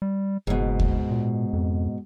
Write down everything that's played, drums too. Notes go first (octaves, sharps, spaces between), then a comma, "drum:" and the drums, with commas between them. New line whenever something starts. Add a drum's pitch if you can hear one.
G3
F#1 G#2 B2
drum: kick D2
A#2
F2